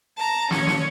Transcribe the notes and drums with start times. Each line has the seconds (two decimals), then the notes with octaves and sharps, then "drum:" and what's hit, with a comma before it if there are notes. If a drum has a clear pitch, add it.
0.17 A5 A#5
0.51 C#4 C#5, drum: snare
0.67 drum: snare